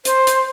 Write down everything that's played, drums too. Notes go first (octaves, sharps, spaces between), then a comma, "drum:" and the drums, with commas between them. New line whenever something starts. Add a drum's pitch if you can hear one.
C5, drum: hi-hat
drum: hi-hat